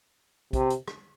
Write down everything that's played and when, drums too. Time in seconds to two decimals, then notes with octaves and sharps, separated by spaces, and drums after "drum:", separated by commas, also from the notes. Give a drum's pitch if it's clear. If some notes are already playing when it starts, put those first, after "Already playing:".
0.53 C3, drum: kick, hi-hat
0.70 drum: hi-hat
0.88 drum: rim click